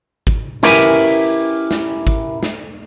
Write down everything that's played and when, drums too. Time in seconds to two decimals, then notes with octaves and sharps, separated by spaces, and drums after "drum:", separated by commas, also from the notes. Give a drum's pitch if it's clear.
0.27 drum: kick G#1, hi-hat
0.63 C#4 E4 G4 A#4 B4 G#5, drum: snare
0.99 drum: open hi-hat
1.71 drum: snare
2.07 drum: kick G#1, hi-hat
2.43 drum: snare